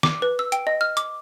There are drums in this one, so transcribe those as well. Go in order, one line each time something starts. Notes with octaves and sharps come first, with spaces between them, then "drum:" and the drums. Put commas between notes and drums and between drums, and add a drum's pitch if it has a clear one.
D6, drum: snare
B4
E6
G5, drum: hi-hat
D#5
F6
D6, drum: hi-hat